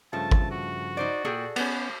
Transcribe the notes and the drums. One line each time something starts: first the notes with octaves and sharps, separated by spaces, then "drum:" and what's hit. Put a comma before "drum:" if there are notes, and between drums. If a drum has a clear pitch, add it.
G2 C#3 F3 A3 A5
drum: kick
F#4
D#4 C5 D5
A#2 G#4 A4 D5 G5
B3 C#4 B4 G6, drum: cymbal